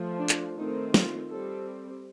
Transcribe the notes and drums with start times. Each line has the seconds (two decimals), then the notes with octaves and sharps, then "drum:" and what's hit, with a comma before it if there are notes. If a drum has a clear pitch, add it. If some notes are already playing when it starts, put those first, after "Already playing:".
Already playing: F3 A3
0.19 D4
0.29 drum: clap
0.56 D#3 A3 C4 D#4
0.94 F4, drum: snare
1.30 G3 C4 A4